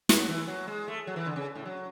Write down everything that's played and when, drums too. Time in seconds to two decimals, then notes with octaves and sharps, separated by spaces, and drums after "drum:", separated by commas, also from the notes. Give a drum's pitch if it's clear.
0.09 G#3, drum: snare
0.18 F#3
0.29 E3
0.47 F#3
0.68 G#3
0.88 A3
1.07 F#3
1.16 E3
1.26 D3
1.36 C#3
1.55 A2
1.65 F#3